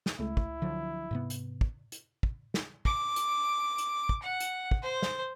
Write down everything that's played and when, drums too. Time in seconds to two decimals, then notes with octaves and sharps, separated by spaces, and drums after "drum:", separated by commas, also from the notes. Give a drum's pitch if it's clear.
0.06 drum: snare
0.19 C#2 A3 E4
0.37 drum: kick
0.62 D3 F3 F#3
1.11 G#2 C3 B3
1.30 drum: hi-hat
1.61 drum: kick
1.92 drum: hi-hat
2.23 drum: kick
2.54 drum: snare
2.85 D6, drum: kick
3.16 drum: hi-hat
3.78 drum: hi-hat
4.09 drum: kick
4.22 F#5
4.40 drum: hi-hat
4.71 drum: kick
4.83 C5
5.02 drum: snare